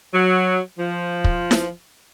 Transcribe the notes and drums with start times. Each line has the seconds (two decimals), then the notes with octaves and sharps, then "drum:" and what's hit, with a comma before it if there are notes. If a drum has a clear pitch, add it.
0.14 F#3
0.78 F3
1.24 drum: kick
1.51 drum: snare E4